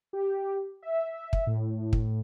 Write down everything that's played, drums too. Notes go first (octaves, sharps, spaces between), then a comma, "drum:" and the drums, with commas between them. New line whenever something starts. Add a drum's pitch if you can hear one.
G4
E5
drum: kick
A2
drum: kick